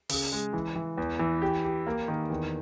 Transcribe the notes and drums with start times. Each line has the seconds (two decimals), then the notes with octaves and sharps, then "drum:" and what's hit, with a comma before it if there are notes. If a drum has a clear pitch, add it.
0.09 C#3, drum: open hi-hat
0.32 G#3
0.53 E3
0.75 E3
0.97 E2
1.19 E3
1.42 G4
1.64 G4
1.87 A#3
2.08 D#3
2.30 E2